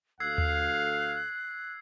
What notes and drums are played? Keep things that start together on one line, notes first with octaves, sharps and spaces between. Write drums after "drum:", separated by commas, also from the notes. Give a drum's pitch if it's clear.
D2 A4 F5 E6 F#6 G#6 C7
drum: tom D#2